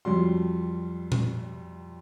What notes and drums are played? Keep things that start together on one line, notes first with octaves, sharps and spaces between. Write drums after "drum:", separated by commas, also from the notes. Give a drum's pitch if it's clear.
F2 F#3 G3 C6
drum: tom A#2